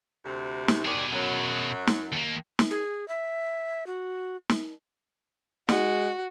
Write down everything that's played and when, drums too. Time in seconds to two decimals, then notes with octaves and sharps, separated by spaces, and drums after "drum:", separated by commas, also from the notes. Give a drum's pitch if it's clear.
0.25 D2 C3
0.68 drum: snare
0.85 D#2 B2 G#4 D5
1.12 F#2 F#3
1.87 drum: snare
2.13 D#2 A#3
2.59 drum: snare
2.71 G#4
3.08 E5
3.87 F#4
4.50 drum: snare
5.69 G#3 F#4, drum: snare